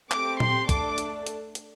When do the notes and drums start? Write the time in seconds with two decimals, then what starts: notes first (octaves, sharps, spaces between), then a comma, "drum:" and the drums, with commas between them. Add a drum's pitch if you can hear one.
0.11 A3 C4 G4 D6, drum: clap
0.40 C6, drum: tom A#2
0.69 A3 D4 A4 D6, drum: kick, hi-hat
0.98 drum: hi-hat
1.27 drum: hi-hat
1.55 drum: hi-hat